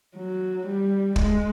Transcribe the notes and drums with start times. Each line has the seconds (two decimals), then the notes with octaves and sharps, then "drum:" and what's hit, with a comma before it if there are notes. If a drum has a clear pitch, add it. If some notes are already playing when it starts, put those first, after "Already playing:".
0.16 F#3
0.66 G3
1.16 G#3, drum: kick